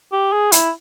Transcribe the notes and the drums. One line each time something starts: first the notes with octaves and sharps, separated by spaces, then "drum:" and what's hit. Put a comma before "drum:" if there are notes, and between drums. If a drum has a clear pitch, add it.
G4
G#4
E4, drum: hi-hat